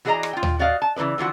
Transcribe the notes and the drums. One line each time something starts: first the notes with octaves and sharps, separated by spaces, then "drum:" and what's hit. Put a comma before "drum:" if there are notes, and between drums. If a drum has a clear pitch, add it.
E3 F#4 G#4 D5 D#5 A#5
drum: rim click
F4 G5
drum: tom D#2
F#4 D5 D#5 F5
A5
C#3 E3 A#3 B4 D5
D3 E3 F3 F#4